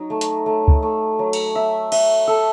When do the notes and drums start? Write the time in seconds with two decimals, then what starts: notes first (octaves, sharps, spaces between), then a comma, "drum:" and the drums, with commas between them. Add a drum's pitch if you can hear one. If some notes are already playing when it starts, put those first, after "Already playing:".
Already playing: F#3 D#4
0.10 A3
0.21 drum: hi-hat
0.46 A3
0.68 drum: kick C#2
0.83 A3
1.19 F#3
1.33 drum: cymbal
1.55 E5
1.92 E5, drum: cymbal
2.27 A4